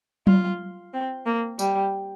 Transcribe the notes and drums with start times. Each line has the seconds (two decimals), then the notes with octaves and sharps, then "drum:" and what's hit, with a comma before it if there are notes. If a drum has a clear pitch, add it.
0.27 F4, drum: tom F#3
0.93 C4
1.26 A#3
1.59 G3, drum: tambourine